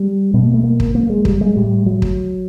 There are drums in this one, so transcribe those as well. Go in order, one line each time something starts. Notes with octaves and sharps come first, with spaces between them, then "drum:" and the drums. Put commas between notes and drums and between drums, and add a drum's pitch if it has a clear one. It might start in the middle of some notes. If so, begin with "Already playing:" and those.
Already playing: G3
B2 B3
A#3
A3
A#3
drum: kick
A#3
G#3
G3, drum: kick
G#3
A2 G3
F#3
drum: kick